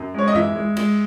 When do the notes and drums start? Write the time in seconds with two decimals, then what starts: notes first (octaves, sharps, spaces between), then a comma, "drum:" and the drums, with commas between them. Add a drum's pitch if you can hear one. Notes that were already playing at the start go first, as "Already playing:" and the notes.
Already playing: F#2
0.14 G#3 C#5
0.28 D#5
0.35 E3 E5, drum: tom F#2
0.56 G#3
0.77 G#3, drum: cymbal